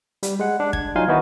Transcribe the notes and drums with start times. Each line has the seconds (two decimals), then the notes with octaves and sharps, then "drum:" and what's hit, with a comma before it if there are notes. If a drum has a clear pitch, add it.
0.23 G3, drum: hi-hat
0.39 G#3 F#5
0.60 D4
0.73 G#6, drum: kick
0.96 F#3 D#4 F4 F5 G#5 C6
1.08 D#3 B3 D#4 E4 F#4